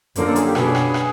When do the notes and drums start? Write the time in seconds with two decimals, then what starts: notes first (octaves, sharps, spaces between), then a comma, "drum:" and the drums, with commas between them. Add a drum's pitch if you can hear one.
0.15 F#2 D3 F3 A#3 A#4, drum: hi-hat
0.26 A4
0.36 G#4, drum: hi-hat
0.45 G4
0.55 B2 F#3 B3 D4 G#4, drum: rim click
0.75 drum: rim click
0.94 drum: rim click